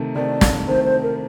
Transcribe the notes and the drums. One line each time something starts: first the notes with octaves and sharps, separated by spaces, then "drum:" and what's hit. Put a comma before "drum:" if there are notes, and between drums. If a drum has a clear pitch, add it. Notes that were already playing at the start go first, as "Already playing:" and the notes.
Already playing: C3 D#3 A3
C3 D#3 A3 D5
drum: snare
C3 D#3 A3 C5
C5
A#4